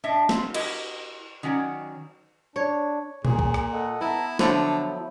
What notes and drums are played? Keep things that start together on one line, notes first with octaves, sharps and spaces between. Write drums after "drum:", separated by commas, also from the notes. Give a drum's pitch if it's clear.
A2 D4 D#5 E5
C4 F4, drum: snare
E4 F#4 G4 A#4 D#5, drum: cymbal
D#3 F#3 C#4 F#4 A4 D5
D4 C#5
A#2 G#4, drum: tom A#2
drum: kick C#2
drum: rim click
A4 D#5 F#5
B3 E4 E5 A5 A#5
D3 F3 F#3 A3 E4, drum: snare